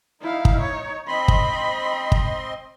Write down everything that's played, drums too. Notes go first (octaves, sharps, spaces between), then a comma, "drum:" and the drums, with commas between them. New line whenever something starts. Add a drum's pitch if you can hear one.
D#4 E4 F5
drum: kick
C#5
C4 D#5 B5 C6
drum: kick
drum: kick